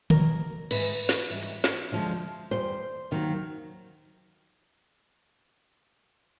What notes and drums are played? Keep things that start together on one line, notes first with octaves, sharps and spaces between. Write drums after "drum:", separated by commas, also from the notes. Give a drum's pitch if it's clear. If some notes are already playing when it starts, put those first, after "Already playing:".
E2 B2 F#3 A#4, drum: tom D3
G#2 E3 G#3 B4, drum: cymbal
drum: snare
G#2 E3 G3
drum: hi-hat
drum: snare
D2 D3 F3 G#3
E2 B2 G3 C5
D#2 D#3 F#3